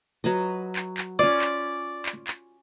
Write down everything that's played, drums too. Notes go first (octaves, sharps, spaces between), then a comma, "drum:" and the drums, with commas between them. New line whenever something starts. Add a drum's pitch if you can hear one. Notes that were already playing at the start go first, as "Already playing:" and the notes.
F#3 B4 D#5
drum: clap
drum: clap
C#4 F4 D5
drum: clap
drum: clap
drum: clap